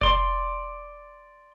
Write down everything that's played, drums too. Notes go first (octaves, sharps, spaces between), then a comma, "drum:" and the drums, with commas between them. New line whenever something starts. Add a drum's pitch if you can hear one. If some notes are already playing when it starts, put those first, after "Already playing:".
D5 C6, drum: kick F1